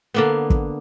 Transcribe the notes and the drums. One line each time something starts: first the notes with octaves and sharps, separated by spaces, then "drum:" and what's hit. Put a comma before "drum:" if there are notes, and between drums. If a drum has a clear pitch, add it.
D3 A#3 B3
drum: kick